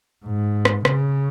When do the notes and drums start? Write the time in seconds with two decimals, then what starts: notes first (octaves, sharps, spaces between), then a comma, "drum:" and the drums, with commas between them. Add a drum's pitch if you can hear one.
0.25 G#2
0.65 drum: rim click
0.85 C#3, drum: rim click